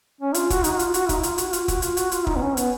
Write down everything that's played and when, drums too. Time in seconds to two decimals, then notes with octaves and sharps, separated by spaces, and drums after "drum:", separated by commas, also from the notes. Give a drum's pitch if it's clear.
0.21 C#4
0.34 F4, drum: hi-hat
0.50 F#4, drum: kick, hi-hat
0.64 D#4, drum: hi-hat
0.72 F#4
0.79 F4, drum: hi-hat
0.94 F#4, drum: hi-hat
1.09 D#4, drum: kick, hi-hat
1.23 F4, drum: hi-hat
1.38 F#4, drum: hi-hat
1.48 F#4
1.53 F4, drum: hi-hat
1.68 F#4, drum: kick, hi-hat
1.82 F4, drum: hi-hat
1.97 F#4, drum: hi-hat
2.12 F4, drum: hi-hat
2.27 D#4, drum: kick
2.36 B3
2.42 C#4
2.57 B3, drum: hi-hat